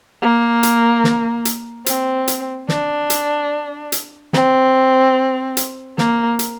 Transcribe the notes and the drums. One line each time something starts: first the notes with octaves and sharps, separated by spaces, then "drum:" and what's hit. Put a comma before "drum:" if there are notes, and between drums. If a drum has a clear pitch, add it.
A#3
drum: hi-hat
drum: snare
drum: hi-hat
C4, drum: hi-hat
drum: hi-hat
D4, drum: snare
drum: hi-hat
drum: hi-hat
C4, drum: snare
drum: hi-hat
A#3, drum: snare
drum: hi-hat